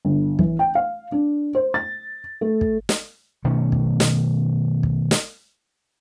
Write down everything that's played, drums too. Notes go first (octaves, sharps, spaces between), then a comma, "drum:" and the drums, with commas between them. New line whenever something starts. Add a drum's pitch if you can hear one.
G1
E3, drum: kick
G5
F5
D4
C5
A6
A3
drum: kick
drum: snare
B2 D#3 A3 C#4
drum: kick
drum: snare
drum: kick
drum: snare